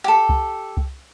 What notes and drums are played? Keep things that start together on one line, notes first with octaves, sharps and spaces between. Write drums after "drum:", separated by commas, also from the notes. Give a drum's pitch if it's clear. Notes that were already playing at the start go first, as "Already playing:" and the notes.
G4 A4
drum: kick C2
drum: kick C2